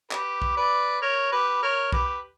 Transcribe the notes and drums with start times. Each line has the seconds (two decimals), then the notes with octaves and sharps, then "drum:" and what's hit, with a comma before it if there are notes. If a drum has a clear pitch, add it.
0.11 G4 B4, drum: clap
0.42 drum: kick
0.57 B4 D5
1.02 A#4 C#5
1.32 G4 B4
1.63 A#4 C#5
1.92 G4 B4, drum: kick